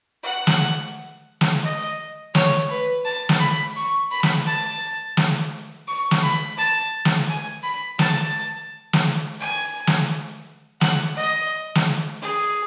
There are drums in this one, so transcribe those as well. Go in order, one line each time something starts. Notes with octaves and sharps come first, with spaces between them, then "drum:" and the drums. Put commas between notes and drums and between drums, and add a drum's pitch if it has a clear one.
F#5
drum: snare
drum: snare
D#5
C#5, drum: snare
B4
A5
drum: snare
B5
C#6
B5
drum: snare
A5
drum: snare
C#6
drum: snare
B5
A5
drum: snare
G#5
B5
A5, drum: snare
drum: snare
G#5
drum: snare
F#5, drum: snare
D#5
drum: snare
G#4